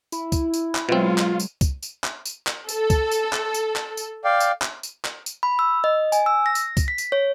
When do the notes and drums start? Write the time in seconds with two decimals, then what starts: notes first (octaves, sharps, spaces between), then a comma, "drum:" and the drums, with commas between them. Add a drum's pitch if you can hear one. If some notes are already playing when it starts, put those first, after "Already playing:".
0.12 E4, drum: tambourine
0.32 drum: kick C2, tambourine
0.54 drum: tambourine
0.75 drum: clap
0.89 B2 F#3 G#3 C4 F4
1.18 drum: clap
1.40 drum: tambourine
1.61 drum: kick C2, tambourine
1.83 drum: tambourine
2.04 drum: clap
2.25 drum: tambourine
2.47 drum: clap
2.69 A4, drum: tambourine
2.90 drum: kick C2, tambourine
3.11 drum: tambourine
3.33 drum: clap
3.54 drum: tambourine
3.76 drum: clap
3.97 drum: tambourine
4.25 D5 F5 G5
4.40 drum: tambourine
4.62 drum: clap
4.83 drum: tambourine
5.05 drum: clap
5.26 drum: tambourine
5.43 B5
5.59 E6
5.84 D#5
6.12 G#5, drum: tambourine
6.26 E6
6.46 A#6
6.55 drum: tambourine
6.77 drum: kick C2, tambourine
6.88 B6
6.98 drum: tambourine
7.12 C#5